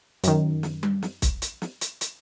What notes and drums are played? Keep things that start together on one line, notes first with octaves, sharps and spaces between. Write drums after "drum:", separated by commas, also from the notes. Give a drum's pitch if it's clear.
F#2 D#3, drum: hi-hat
drum: snare
drum: tom G3
drum: snare
drum: kick, hi-hat
drum: hi-hat
drum: snare
drum: hi-hat
drum: hi-hat